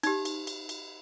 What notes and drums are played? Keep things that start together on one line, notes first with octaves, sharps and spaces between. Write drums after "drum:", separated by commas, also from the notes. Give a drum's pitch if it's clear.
D#4 G4, drum: cymbal
drum: cymbal
drum: cymbal
drum: cymbal